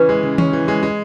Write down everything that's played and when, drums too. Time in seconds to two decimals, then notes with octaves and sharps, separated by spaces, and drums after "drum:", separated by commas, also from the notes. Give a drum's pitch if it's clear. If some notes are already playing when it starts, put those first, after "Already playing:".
Already playing: C#3 E3 C#4 B4
0.09 G#3
0.23 C#3
0.38 C#4, drum: tom D#3
0.53 E3
0.68 G#3
0.83 G#3